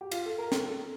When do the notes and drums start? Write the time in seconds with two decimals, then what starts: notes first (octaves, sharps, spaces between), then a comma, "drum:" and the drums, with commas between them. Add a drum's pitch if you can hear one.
0.01 G4
0.12 F4, drum: cymbal
0.26 A4
0.38 A#4
0.52 A4, drum: snare
0.66 A4